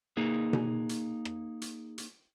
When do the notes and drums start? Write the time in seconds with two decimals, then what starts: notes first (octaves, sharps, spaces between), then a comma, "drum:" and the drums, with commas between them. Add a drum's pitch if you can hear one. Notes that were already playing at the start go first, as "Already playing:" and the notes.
0.17 A#3 D#4 G#4
0.53 drum: tom B2
0.89 drum: hi-hat
1.25 drum: rim click
1.62 drum: hi-hat
1.98 drum: hi-hat